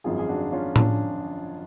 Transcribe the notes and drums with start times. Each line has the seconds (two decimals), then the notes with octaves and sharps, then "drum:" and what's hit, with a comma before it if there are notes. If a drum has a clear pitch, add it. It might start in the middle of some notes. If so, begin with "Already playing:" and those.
0.04 G#1 F#2 F3 F4 G#4
0.19 G#4
0.29 D4 F#4
0.52 C#4 F4
0.76 F3 D4, drum: tom A2